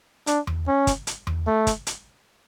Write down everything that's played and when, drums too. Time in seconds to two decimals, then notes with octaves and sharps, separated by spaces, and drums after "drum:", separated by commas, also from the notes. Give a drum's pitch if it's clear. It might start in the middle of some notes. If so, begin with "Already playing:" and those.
0.27 D4, drum: hi-hat
0.47 drum: tom E2
0.68 C#4
0.87 drum: kick, hi-hat
1.07 drum: hi-hat
1.27 drum: tom E2
1.47 A3
1.67 drum: kick, hi-hat
1.87 drum: hi-hat